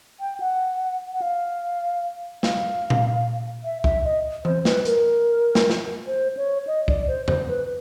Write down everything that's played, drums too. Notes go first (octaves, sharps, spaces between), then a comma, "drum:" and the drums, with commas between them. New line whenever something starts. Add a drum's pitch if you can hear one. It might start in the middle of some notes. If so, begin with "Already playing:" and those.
G5
F#5
F#5
F5
F5, drum: snare
drum: tom A#2
E5
E5, drum: kick
D#5
C5, drum: tom E3
B4, drum: snare
A#4, drum: hi-hat
drum: snare
drum: snare
C5
C#5
D#5
D5, drum: kick
C5
C5, drum: tom F2
B4